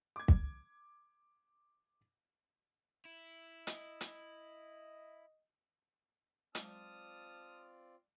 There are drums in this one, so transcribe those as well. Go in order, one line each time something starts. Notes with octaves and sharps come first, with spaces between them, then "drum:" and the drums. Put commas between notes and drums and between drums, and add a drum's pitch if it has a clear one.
D6 G#6
drum: kick
E4
D#5, drum: hi-hat
drum: hi-hat
F#3 G#3 C4 F4 D5 A5 D#6 F6, drum: hi-hat